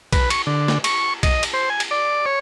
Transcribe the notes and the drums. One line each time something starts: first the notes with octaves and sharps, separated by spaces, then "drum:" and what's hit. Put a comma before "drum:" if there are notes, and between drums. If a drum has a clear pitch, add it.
B4, drum: kick, cymbal
C#6, drum: cymbal
D3
drum: snare
C#6, drum: cymbal
D#5, drum: kick, cymbal
drum: cymbal
C5
G#5
drum: cymbal
D5
C#5